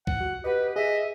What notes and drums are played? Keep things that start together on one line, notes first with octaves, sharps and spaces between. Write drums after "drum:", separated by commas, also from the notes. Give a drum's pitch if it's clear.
F#5, drum: kick B1
F#4
G4 B4 D#5 F#5
G#4 D#5 E5